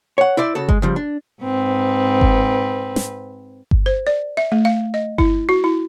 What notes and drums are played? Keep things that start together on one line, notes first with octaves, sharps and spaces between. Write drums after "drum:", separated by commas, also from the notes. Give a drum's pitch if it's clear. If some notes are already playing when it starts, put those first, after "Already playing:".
C#5 F#5
E4 C5 D5 E5
C#3 F#4 A4
G#3, drum: kick G1
C#3 F3 G3
D4
G#2 C4 B4
drum: kick G1
drum: snare
drum: kick G1
C5
D5
E5
A3
F5
D#5
E4, drum: kick G1
F#4
E4